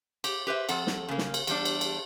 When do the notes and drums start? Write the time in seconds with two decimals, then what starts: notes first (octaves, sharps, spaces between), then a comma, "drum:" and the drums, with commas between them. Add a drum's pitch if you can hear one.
0.24 G4, drum: cymbal
0.47 G4 B4 C5 E5
0.69 F2 A4 F#5, drum: cymbal
0.87 drum: snare
1.09 C#3 A#3
1.18 drum: snare
1.34 drum: cymbal
1.47 E2 G3 D4, drum: cymbal
1.65 drum: cymbal
1.81 drum: cymbal